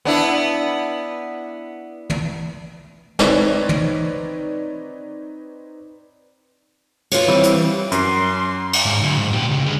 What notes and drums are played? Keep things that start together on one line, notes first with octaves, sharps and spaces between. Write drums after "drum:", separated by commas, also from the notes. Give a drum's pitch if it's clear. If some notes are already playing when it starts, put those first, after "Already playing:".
B3 D4 E4
drum: tom
C4 D#4 B4 C#5 D5, drum: snare
drum: tom
F4 B4 C#5, drum: cymbal
E3 G3 C4
drum: hi-hat
F#2 C6, drum: hi-hat
drum: cymbal
G#2
D3 F#3
G#2
A#2 G4
C#2 C#3
D3 G#3